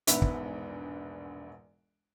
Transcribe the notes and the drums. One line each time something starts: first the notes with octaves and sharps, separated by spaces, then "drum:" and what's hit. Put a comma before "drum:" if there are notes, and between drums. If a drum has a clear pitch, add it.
E1 A#1 G#2 B3 B4 E5, drum: hi-hat
drum: kick